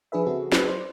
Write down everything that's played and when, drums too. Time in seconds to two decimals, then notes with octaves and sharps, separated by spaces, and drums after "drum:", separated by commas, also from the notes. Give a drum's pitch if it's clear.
0.12 F3 D4 G#4 B4 E5
0.26 C#3 C4 F#4 G#4 A4
0.52 F#3 B4 C5, drum: snare
0.68 C5 D5